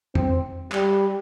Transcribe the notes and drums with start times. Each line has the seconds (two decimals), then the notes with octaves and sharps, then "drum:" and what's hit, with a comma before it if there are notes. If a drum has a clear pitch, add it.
0.15 C4, drum: tom
0.72 G3, drum: clap